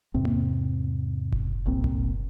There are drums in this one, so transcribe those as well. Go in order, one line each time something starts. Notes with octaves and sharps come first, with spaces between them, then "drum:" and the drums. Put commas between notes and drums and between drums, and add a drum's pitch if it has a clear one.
E2 G#2 C3 C4
drum: tom A#3
drum: kick F#1
G1 C2 A#2 C4
drum: kick F#1